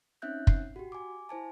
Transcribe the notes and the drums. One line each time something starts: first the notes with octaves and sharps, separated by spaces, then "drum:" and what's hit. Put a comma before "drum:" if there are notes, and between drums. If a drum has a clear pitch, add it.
C4 C#4 D#4 E5 F#6 G6
C7, drum: kick
F#4 G4
G#5 D6
E4 C5 G#5 A5